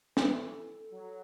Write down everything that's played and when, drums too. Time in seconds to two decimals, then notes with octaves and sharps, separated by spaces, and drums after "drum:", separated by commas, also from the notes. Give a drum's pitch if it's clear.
0.17 B4, drum: snare
0.31 E3 A4
0.92 F#3